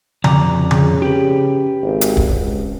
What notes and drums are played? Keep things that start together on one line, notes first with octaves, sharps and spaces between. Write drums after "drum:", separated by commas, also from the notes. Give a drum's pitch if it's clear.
F#1 F2 D5 A#5, drum: tom C#3
C#3, drum: tom C#3
G4 B4
G#1
drum: hi-hat
drum: kick
C#2